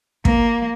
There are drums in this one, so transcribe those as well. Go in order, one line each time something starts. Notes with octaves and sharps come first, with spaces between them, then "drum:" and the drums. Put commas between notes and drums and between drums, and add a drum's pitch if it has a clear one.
A#3, drum: kick